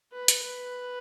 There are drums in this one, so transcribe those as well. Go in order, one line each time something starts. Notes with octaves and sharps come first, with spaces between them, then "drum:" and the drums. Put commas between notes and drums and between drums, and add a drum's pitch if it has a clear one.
B4
drum: hi-hat
B4